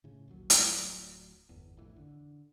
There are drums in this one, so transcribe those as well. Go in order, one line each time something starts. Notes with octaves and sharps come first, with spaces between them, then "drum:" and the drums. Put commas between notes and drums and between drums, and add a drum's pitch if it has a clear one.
A2 C#3
A#1 D#2 F#3
drum: hi-hat
D1 F#3
G1 E2
A1 F2 E3
D3